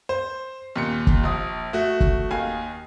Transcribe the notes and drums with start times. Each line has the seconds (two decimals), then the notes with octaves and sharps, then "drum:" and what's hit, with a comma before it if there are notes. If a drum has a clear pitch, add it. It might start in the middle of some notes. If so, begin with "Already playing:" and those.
0.09 C5
0.76 D#2 A#2 C#7
1.07 drum: kick
1.23 A#1 D#6
1.73 A3 F#4
2.00 drum: kick
2.31 D#2 D#3 F5 G#5